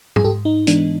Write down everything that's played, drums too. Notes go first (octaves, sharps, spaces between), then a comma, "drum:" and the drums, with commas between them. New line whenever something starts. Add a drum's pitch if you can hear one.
G#4, drum: tom
G#2 G4 A4
D#4
E3 G#3 B3 D4, drum: hi-hat